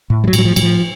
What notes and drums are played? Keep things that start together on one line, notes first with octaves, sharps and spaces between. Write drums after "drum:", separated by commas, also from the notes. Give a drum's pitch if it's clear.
A2
G3
F#3
A2, drum: cymbal
F#3
F3
A2 F#3, drum: cymbal
F3